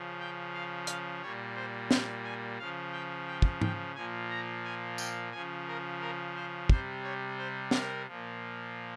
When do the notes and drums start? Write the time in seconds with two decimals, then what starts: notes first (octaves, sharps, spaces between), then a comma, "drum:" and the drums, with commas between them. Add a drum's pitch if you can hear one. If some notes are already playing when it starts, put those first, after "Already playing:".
Already playing: C#3 F3
0.20 G5
0.53 F5
0.87 F5, drum: hi-hat
1.22 A#2 G3 C#5
1.55 C5
1.91 G5, drum: snare
2.24 G#5
2.58 C#3 F3 F5
2.92 G5
3.27 G5
3.42 drum: kick
3.62 G5, drum: tom G#2
3.95 A#2 F3 G#5
4.30 A#5
4.64 G#5
4.98 G5, drum: tambourine
5.32 C#3 F3 G#5
5.67 A#4
6.00 A#4
6.35 C5
6.69 C3 G3 C5, drum: kick
7.03 C#5
7.38 C5
7.71 A#4, drum: snare
8.07 A#2 F3